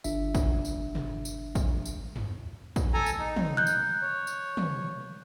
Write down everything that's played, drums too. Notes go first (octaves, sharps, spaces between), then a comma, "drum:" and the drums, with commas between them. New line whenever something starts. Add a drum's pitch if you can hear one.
G1 D4 E5, drum: tambourine
drum: kick, tambourine
drum: tambourine
drum: tom
drum: tambourine
drum: kick, tambourine
drum: tambourine
drum: tom
drum: kick, tambourine
A4 G#5 A#5
drum: tambourine
D#4
drum: tom
F#6 G6
drum: tambourine
C#5
drum: tambourine
drum: tom